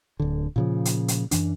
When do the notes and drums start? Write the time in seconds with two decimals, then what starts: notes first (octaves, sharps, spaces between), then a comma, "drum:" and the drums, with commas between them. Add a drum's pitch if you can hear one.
0.20 D1 D3
0.56 A#2 C#3 F3
0.85 drum: hi-hat
1.08 drum: hi-hat
1.31 F#2 E3 D4, drum: hi-hat